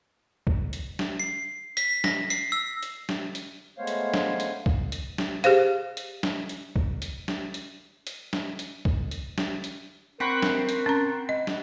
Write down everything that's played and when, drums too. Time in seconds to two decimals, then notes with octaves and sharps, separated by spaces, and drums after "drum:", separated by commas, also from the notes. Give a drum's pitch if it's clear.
0.47 drum: kick
0.73 drum: hi-hat
0.99 drum: snare
1.20 C7
1.77 B6, drum: hi-hat
2.04 A#6, drum: snare
2.30 C7, drum: hi-hat
2.52 E6
2.83 drum: hi-hat
3.09 drum: snare
3.35 drum: hi-hat
3.78 G#3 A3 B3 C5 C#5 F5
3.87 drum: hi-hat
4.14 drum: snare
4.40 drum: hi-hat
4.66 drum: kick
4.92 drum: hi-hat
5.18 drum: snare
5.44 G4 G#4 C5 F5, drum: hi-hat
5.97 drum: hi-hat
6.23 drum: snare
6.49 drum: hi-hat
6.76 drum: kick
7.02 drum: hi-hat
7.28 drum: snare
7.54 drum: hi-hat
8.07 drum: hi-hat
8.33 drum: snare
8.59 drum: hi-hat
8.85 drum: kick
9.11 drum: hi-hat
9.38 drum: snare
9.64 drum: hi-hat
10.20 C4 A#4 F#5 B5 C#6
10.42 drum: snare
10.69 drum: hi-hat
10.86 C#4 A#5
11.29 D#5
11.47 drum: snare